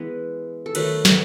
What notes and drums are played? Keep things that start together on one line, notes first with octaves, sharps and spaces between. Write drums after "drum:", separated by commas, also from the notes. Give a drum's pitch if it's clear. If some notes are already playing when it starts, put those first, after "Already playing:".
Already playing: E3 G#3 B3 B4
A4
D#3 F#3 A3 B4, drum: cymbal
drum: snare